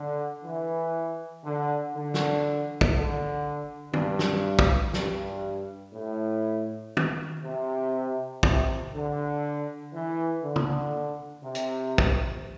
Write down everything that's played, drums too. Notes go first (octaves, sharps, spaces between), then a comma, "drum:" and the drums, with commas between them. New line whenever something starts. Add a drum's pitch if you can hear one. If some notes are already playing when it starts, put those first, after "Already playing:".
Already playing: D3
E3
D3
D3
drum: snare
drum: kick
D3
G2, drum: tom
drum: snare
drum: kick
G2, drum: snare
A2
drum: tom
C3
C3, drum: kick
D3
E3
D3
drum: tom
C3
drum: hi-hat
drum: kick